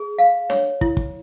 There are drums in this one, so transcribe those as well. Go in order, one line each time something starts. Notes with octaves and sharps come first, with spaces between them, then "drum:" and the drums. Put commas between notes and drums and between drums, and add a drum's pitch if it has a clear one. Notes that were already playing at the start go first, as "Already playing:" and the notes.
Already playing: G#4
F5
C#5, drum: snare D4
E4, drum: kick
drum: kick